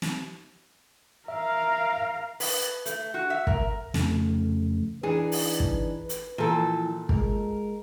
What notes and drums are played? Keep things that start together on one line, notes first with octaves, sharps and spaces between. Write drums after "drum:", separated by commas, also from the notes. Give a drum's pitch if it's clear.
drum: snare
A#4 E5 F5
B4, drum: open hi-hat
A3, drum: hi-hat
F#4
E5
A#4, drum: kick
F2 C#3 A3, drum: snare
E3 D4 D#4 G#4 B4
drum: open hi-hat
drum: kick
drum: hi-hat
A#2 E3 F3 A4
G#3 A#4, drum: kick